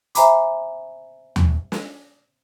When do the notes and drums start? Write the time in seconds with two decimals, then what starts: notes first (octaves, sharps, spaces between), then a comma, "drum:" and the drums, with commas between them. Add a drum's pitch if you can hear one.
0.15 C5 E5 G#5 A#5 B5 D6, drum: hi-hat
1.36 drum: tom D#2
1.72 drum: snare